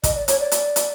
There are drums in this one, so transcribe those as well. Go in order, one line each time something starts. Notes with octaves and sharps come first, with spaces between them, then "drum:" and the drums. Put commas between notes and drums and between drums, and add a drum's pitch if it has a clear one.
D#5, drum: kick, hi-hat
D5
C#5, drum: hi-hat
D5
drum: hi-hat
drum: hi-hat